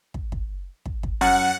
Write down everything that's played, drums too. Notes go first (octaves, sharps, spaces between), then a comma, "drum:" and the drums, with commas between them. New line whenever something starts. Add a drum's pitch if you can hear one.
drum: kick
drum: kick
drum: kick
drum: kick
F#2 F#5